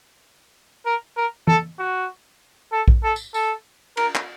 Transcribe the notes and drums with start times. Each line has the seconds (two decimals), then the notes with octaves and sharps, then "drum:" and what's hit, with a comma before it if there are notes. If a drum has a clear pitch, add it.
0.86 A#4
1.16 A#4
1.47 A4, drum: tom
1.79 F#4
2.72 A4
2.88 drum: kick A#1
3.03 A4
3.16 drum: tambourine
3.34 A4, drum: tambourine
3.97 A#4, drum: cymbal
4.15 drum: clap